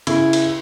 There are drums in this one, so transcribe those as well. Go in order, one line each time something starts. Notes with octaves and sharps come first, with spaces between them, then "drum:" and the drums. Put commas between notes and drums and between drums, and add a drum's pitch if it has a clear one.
C#3 E4, drum: cymbal
drum: cymbal